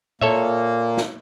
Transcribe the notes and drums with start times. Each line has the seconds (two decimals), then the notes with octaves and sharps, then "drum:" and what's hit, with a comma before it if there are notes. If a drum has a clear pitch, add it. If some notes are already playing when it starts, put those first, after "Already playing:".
0.21 A#2 A#3 A4 C#5 E5, drum: tom A#2
0.97 drum: snare